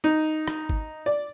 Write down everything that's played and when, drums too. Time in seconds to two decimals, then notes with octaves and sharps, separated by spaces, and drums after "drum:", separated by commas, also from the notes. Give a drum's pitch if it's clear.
0.04 D#4
0.48 drum: rim click
0.69 drum: kick
1.06 D5